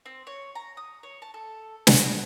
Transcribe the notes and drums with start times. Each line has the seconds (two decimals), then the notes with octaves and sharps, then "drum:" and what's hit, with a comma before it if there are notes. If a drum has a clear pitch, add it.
0.06 C4
0.27 C#5
0.55 A#5
0.77 D#6
1.03 C#5
1.22 A5
1.34 A4
1.87 F#4, drum: snare